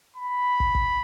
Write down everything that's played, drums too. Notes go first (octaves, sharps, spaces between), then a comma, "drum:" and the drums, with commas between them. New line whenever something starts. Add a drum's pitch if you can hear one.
B5
drum: kick
drum: kick